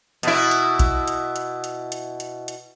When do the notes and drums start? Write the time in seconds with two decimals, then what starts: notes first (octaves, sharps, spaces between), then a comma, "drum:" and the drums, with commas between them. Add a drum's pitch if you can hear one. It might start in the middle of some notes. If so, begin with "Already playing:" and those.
0.23 B2 E4, drum: hi-hat
0.51 drum: hi-hat
0.79 drum: kick, hi-hat
1.08 drum: hi-hat
1.36 drum: hi-hat
1.64 drum: hi-hat
1.92 drum: hi-hat
2.20 drum: hi-hat
2.48 drum: hi-hat